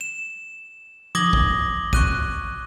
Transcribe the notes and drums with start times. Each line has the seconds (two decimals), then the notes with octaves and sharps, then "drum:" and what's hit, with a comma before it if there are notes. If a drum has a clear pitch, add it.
0.01 E7
1.15 D6 D#6 G#6 A#6 F#7 G7, drum: tom
1.33 drum: kick
1.93 C#6 F#6 D#7, drum: kick